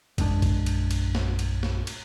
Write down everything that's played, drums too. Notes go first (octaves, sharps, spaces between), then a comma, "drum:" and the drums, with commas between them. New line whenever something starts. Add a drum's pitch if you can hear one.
A#1 F#2 G#3 D4, drum: kick, cymbal
drum: kick, cymbal
drum: cymbal
drum: cymbal
drum: snare
drum: cymbal
drum: snare
drum: cymbal